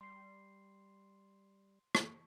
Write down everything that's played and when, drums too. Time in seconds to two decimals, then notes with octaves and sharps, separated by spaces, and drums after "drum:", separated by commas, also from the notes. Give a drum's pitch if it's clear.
0.01 G3 C6 C7
1.95 drum: rim click